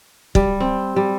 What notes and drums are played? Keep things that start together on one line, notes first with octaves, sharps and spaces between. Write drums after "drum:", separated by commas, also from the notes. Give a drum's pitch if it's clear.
G3, drum: kick
C4
G3